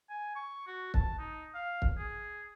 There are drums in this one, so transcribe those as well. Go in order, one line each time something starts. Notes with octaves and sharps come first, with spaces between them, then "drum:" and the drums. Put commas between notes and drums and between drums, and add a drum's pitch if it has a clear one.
G#5
C#6
F#4
A5, drum: kick
D#4
F5
drum: kick
G#4